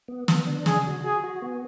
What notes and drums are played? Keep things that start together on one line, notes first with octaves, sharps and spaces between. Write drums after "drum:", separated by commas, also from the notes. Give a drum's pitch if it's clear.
B3
B3, drum: snare
D4
C#3 G#4, drum: snare
F#4
F#4 G#4
F#4
B3